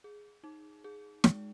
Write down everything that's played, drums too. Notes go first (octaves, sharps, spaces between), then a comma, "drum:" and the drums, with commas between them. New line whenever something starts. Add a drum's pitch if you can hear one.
G#4
D#4
G#4
G#3, drum: snare